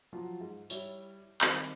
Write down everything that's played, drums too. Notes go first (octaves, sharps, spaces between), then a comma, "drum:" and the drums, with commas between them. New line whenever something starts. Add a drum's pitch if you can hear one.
F3 F#3 F4
G#2
G3 E4 C#5, drum: tambourine
D#3 G3 C4, drum: clap